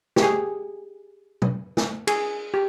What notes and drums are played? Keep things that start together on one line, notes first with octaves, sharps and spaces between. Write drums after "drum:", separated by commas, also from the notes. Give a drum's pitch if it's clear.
G4, drum: snare
G#4
drum: tom B2
drum: snare
G#4, drum: cymbal
G4